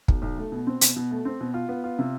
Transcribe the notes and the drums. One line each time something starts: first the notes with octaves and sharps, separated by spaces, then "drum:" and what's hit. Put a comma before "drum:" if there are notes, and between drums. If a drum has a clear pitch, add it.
B1, drum: kick
B1
A3
B2
C4
B2, drum: hi-hat
B2
A3
C4
B2
F4
B3
F4
C3